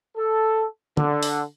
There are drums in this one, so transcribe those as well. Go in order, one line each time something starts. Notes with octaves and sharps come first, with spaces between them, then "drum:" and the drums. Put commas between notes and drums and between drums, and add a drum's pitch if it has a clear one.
A4
D3, drum: tom
drum: open hi-hat